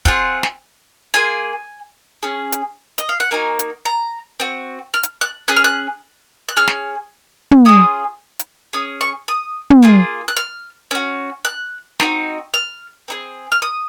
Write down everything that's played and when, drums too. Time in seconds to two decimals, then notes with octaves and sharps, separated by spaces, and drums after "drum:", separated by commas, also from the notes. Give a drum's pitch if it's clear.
0.05 C4 F4 G#4 F#5, drum: kick
0.43 drum: snare
1.14 A#3 F4 G#4 G#5
2.23 C#4 G#4
2.52 drum: hi-hat
2.98 D#5, drum: hi-hat
3.09 F5
3.20 F#5
3.31 A#3 D#4 F#4 G#5
3.59 drum: hi-hat
3.85 A#5
4.40 C4 F#4
4.94 F6
5.03 drum: hi-hat
5.21 F#6
5.48 C#4 G#4 F#6
5.56 F6
5.64 F#6
6.49 F#6
6.57 C#4 G#4 F6
6.68 drum: snare
7.51 drum: tom
7.65 C#4 F4 G#4 D#6
8.39 drum: hi-hat
8.73 C#4 G#4 D#6
9.01 C#6
9.28 D#6
9.70 drum: tom
9.83 A#3 F4 G#4
10.28 F#6
10.37 F6
10.91 C#4 F#4
11.45 F#6
12.00 C4 D#4 F#4, drum: snare
12.54 F6
13.08 C4 D#4 G#4
13.52 F6
13.62 D#6